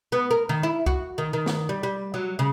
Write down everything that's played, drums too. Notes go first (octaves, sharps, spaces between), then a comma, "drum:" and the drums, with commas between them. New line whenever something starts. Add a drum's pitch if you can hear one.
B3
A#4
D#3
E4
F#4, drum: kick C2
D#3
D#3
drum: snare
G3
G3
F#3
C#3